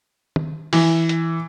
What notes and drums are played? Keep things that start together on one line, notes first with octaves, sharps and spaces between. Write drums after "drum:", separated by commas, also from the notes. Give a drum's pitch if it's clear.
drum: tom D#3
E3, drum: open hi-hat
drum: hi-hat